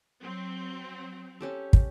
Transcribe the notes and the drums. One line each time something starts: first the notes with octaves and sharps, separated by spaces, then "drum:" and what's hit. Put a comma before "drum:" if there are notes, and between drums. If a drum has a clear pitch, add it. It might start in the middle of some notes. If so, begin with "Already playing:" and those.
F#3 C4
C#4 G4 A4
drum: kick